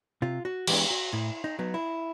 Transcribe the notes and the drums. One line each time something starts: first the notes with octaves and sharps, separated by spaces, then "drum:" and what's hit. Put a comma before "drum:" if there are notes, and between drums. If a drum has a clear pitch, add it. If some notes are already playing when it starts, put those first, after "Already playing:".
C3 F4
F#4
E3 G#3 B3 D4 G4, drum: cymbal
F#4
A2 E4
D#4
F#3 B3 D#4
E4